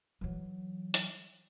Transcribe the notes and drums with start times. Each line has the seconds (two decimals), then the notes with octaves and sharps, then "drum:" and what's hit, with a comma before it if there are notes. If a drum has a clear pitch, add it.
0.21 E3 F#3
0.94 drum: hi-hat